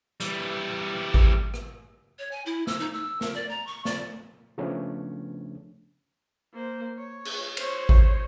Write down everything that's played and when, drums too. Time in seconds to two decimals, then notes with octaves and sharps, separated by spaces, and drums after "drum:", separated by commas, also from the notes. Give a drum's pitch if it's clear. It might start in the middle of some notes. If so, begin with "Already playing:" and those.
0.20 E3 G3, drum: hi-hat
1.14 drum: kick G#1
1.54 drum: rim click
2.19 C#5
2.32 G#5
2.46 E4
2.67 E6, drum: snare
2.80 D#4
2.93 E6
3.21 A#4, drum: snare
3.34 D5
3.49 A#5
3.67 C#6
3.85 D5, drum: snare
4.58 C#3 F3 A3 B3 C#4 D4
6.53 A#3 C5
6.98 C#5
7.25 drum: cymbal
7.57 C5 C#5, drum: cymbal
7.89 drum: kick G#1